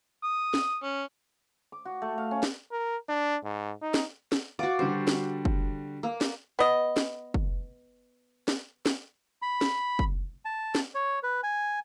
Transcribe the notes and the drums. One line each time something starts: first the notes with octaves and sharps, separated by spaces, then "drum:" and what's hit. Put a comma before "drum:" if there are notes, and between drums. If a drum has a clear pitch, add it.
D#6
drum: snare
C#4
D6
F#4
A3
F5
C#4
drum: snare
A#4
D4
G#2
D#4
drum: snare
drum: snare
F#4 D5 F5 F#5
D3 G3 F#4 C5
drum: snare
drum: kick
A#3
drum: snare
B3 D#5
drum: snare
drum: kick
drum: snare
drum: snare
B5
drum: snare
drum: kick
A5
drum: snare
C#5
B4
G#5